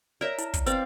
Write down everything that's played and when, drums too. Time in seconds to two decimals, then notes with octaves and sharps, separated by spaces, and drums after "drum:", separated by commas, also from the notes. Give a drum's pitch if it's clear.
0.21 A#4 C#5 D5 E5
0.38 E4, drum: hi-hat
0.54 drum: kick, hi-hat
0.66 C4 B4 D5 F5, drum: hi-hat